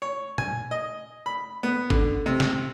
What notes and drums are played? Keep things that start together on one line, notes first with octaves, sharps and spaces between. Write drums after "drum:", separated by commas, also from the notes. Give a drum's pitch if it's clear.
C#5
G#5, drum: tom A#2
D#5
B5
B3
D3, drum: kick G1
C3
drum: snare